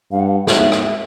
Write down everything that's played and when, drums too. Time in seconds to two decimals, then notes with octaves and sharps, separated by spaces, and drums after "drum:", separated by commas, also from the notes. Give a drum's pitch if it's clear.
0.11 G2 F5
0.20 F#5
0.28 F5
0.47 G#2 E5, drum: snare
0.72 drum: rim click